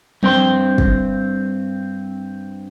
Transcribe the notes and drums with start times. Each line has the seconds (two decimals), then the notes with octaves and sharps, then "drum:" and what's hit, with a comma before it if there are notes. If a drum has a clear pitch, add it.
0.23 G2 C4 G5 C6, drum: tom F3
0.78 drum: kick